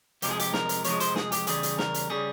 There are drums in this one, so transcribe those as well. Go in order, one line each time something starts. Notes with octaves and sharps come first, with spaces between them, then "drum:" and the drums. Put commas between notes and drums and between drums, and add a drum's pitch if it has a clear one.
F2 C3 F3 G#3 G4, drum: hi-hat
G#4
G4, drum: hi-hat
A#4, drum: snare
drum: hi-hat
F2 C3 F3 G#3 C#5, drum: hi-hat
C5, drum: hi-hat
G#4, drum: snare
G4, drum: hi-hat
E2 C#3 G3 G#4, drum: hi-hat
drum: hi-hat
A#4, drum: snare
drum: hi-hat
C#3 G3 G#4